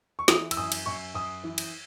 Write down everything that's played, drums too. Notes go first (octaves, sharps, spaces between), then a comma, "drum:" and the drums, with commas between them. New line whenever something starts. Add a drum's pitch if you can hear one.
C#6
E3 D#6, drum: snare
E6, drum: cymbal
F#2 D#6
drum: cymbal
F#2 C#6
F#2 D#6
E3
drum: cymbal